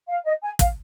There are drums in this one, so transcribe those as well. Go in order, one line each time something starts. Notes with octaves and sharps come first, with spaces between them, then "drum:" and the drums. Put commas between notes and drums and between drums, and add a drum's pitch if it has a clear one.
F5
D#5
G#5
F5, drum: kick, hi-hat